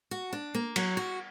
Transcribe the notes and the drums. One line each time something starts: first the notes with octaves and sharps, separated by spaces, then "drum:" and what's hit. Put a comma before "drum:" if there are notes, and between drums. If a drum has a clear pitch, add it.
F#4
D4
A#3
F#3, drum: cymbal
F#4